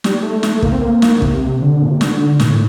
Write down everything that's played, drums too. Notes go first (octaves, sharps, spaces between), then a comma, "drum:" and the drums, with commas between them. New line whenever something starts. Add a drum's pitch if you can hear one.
G3, drum: snare
A3
A3, drum: snare
A3
A#3, drum: kick
C4
A#3
drum: snare
D3
C3, drum: kick
D3
A#2
C3
D3, drum: snare
A#2, drum: snare
A2